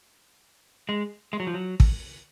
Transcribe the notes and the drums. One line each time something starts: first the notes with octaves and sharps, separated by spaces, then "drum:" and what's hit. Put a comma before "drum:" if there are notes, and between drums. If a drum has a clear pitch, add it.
G#3
G#3
F#3
F3
F#3
drum: kick